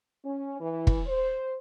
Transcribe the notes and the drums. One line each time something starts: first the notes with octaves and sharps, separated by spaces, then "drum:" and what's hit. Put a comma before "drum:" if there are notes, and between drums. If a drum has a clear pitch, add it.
C#4
E3
drum: kick
C5